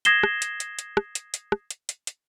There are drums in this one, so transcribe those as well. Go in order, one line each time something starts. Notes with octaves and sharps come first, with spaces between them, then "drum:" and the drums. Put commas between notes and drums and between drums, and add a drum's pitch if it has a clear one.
D#6 G#6 A#6 C7 E7 G7, drum: hi-hat
drum: rim click
drum: hi-hat
drum: hi-hat
drum: hi-hat
drum: rim click
drum: hi-hat
drum: hi-hat
drum: rim click
drum: hi-hat
drum: hi-hat
drum: hi-hat